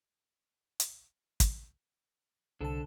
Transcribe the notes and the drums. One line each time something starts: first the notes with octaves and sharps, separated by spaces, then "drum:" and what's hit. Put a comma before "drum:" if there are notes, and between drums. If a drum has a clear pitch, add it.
drum: hi-hat
drum: kick, hi-hat
C2 D3 A4 A5